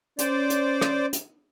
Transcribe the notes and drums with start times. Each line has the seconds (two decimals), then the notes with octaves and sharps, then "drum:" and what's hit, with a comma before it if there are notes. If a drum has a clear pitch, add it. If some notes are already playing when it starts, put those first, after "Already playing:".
0.19 C#4 C5 D5, drum: hi-hat
0.50 drum: hi-hat
0.81 drum: rim click
1.13 drum: hi-hat